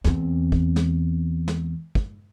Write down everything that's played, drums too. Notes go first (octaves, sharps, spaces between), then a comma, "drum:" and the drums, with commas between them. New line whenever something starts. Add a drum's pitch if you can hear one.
E2 C4, drum: snare
drum: kick
drum: snare
drum: snare
drum: kick